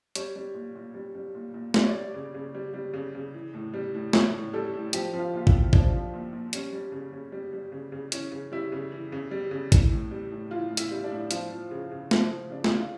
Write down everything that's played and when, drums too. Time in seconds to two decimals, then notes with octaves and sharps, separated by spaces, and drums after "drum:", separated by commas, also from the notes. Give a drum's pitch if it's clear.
0.15 G3 C#5, drum: hi-hat
0.36 G3
0.54 A#2
0.75 A#2
0.94 G3
1.15 G3
1.35 A#2
1.54 A#2
1.74 G3 D5, drum: snare
1.82 C#5
1.89 G3 D5
2.14 C#3
2.34 C#3
2.54 G3
2.74 G3
2.93 C#3
3.15 C#3
3.34 E3
3.54 A2
3.74 G3
3.94 A2
4.13 E3 C#5, drum: snare
4.34 A2
4.53 G3 A4
4.73 A2
4.93 F3 G4, drum: hi-hat
5.13 F3
5.19 F4
5.34 A#2 F4
5.47 E4, drum: kick
5.54 A#2
5.73 F3 D4, drum: kick
5.93 F3
6.13 A#2
6.33 A#2
6.53 G3 C#4, drum: hi-hat
6.73 G3
6.92 C#3
7.13 C#3
7.32 G3
7.53 G3
7.72 C#3
7.92 C#3
8.12 E3 C#4, drum: hi-hat
8.31 C#3
8.52 G3 E4
8.72 C#3
8.92 E3
9.12 C#3
9.31 G3
9.51 C#3
9.72 E3, drum: kick, hi-hat
9.91 A2
10.11 G3
10.31 A2
10.51 E3 F4
10.71 A2
10.77 E4, drum: hi-hat
10.91 G3
11.04 D4
11.10 A2
11.31 F3 F4, drum: hi-hat
11.50 F3
11.71 C#3
11.91 C#3
12.11 F3, drum: snare
12.30 F3
12.50 C#3 D4
12.64 E4, drum: snare
12.70 C#3
12.77 F4